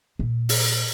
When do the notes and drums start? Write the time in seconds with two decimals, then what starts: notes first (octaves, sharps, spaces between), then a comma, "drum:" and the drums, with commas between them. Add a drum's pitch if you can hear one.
0.19 A#2
0.49 drum: open hi-hat